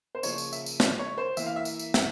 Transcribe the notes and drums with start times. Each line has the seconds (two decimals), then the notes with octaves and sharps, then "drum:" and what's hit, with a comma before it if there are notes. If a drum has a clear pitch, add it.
0.15 C5
0.23 C#3 F3 A#3 C#5, drum: tambourine
0.38 drum: tambourine
0.52 E5, drum: tambourine
0.66 drum: tambourine
0.80 E5, drum: snare
0.99 C#5
1.18 C5
1.37 E3 A#3 E5, drum: tambourine
1.46 F5
1.56 E5
1.65 drum: tambourine
1.79 drum: tambourine
1.94 E5, drum: snare